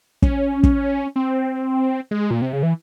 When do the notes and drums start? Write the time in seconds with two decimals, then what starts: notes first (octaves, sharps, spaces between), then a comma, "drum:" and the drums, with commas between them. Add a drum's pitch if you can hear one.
0.22 C#4, drum: kick
0.63 drum: kick
1.16 C4
2.11 G#3
2.31 A#2
2.42 C3
2.53 C#3
2.63 E3